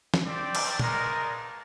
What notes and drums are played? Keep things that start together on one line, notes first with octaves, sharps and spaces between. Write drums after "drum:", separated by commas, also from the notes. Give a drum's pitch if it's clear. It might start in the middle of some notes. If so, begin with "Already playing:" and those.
drum: snare
C4 G4 D5
drum: cymbal
G#3 D#4 A#4 D5, drum: tom A#2